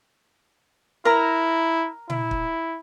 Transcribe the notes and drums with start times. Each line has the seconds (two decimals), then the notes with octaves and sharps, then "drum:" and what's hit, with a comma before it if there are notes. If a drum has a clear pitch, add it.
1.05 E4 A#4 A#5
2.10 E4, drum: tom A#2
2.31 drum: kick